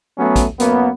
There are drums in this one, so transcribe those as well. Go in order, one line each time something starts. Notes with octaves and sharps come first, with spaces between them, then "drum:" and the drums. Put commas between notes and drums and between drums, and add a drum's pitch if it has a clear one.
F#3 A3 B3 C#4
drum: kick, hi-hat
F#2 A#3 B3, drum: hi-hat